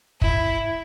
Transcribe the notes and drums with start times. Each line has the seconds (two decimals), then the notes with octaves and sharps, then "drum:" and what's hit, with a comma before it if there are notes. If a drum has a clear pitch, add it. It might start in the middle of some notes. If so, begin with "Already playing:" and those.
0.21 E4, drum: kick